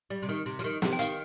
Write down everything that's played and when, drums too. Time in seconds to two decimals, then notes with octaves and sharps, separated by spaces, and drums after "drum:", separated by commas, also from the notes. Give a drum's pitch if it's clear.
0.10 G3
0.22 C3
0.29 D#3
0.46 C3
0.59 F3
0.64 D#3
0.82 C3, drum: snare
0.93 G5
0.99 D#3 F5, drum: hi-hat